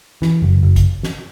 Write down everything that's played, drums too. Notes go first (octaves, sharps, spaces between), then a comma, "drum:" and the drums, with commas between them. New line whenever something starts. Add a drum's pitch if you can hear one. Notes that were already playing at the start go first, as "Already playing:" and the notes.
E3, drum: snare
F#1
F#1
drum: kick, hi-hat
drum: snare